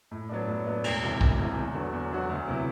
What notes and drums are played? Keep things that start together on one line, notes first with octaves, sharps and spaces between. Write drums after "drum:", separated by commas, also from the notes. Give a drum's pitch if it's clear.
A2
F#3 B3 D4
A2
F#3 B3 D4
E1, drum: cymbal
D2 C3 E3
E1, drum: kick
D2 C3 E3
E2
D3 F#3 B3 F#4
E2
D3 F#3 B3 F#4
D2
C3 F#3 B3 E4